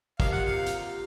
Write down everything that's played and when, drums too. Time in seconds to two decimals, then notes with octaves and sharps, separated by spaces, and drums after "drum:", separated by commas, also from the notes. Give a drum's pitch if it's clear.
0.20 C3 F3 A#3 D#4 F5, drum: kick
0.32 F#5
0.44 F5
0.67 drum: hi-hat